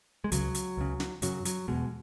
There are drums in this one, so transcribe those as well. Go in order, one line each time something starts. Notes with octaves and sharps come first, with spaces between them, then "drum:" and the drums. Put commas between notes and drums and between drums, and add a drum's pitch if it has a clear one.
G#3
C#2 C#3 F#3, drum: hi-hat
drum: hi-hat
C#2 C#3
drum: snare
F#2 C#3 F#3, drum: hi-hat
F#3, drum: hi-hat
E2 B2 G#3